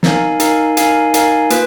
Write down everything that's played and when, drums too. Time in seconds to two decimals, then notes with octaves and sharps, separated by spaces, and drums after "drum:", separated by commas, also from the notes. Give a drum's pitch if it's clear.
0.03 D#4 A#4 F5 G#5, drum: snare
0.40 D#4 A#4 F5 G#5, drum: hi-hat
0.77 D#4 A#4 F5 G#5, drum: hi-hat
1.14 D#4 A#4 F5 G#5, drum: hi-hat
1.50 A#3 F4 B4, drum: hi-hat